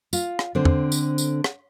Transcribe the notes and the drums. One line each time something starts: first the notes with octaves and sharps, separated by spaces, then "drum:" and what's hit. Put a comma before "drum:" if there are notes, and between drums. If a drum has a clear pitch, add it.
F4, drum: tambourine
drum: rim click
D3 C4 C5
drum: tom
drum: tambourine
drum: tambourine
drum: rim click